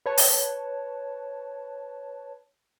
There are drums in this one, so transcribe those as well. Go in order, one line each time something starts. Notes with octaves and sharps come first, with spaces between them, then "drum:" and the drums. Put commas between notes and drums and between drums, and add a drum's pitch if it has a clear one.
B4 C#5 A5
drum: open hi-hat